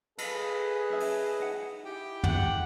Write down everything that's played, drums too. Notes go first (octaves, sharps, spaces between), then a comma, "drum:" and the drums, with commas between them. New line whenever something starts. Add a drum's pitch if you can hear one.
G#4 A4 B4 D#5 F5 B5, drum: cymbal
C#4 E5 A5
drum: open hi-hat
D#4 F#5 G#5
E4 G4 G5
G#4 F#5, drum: tom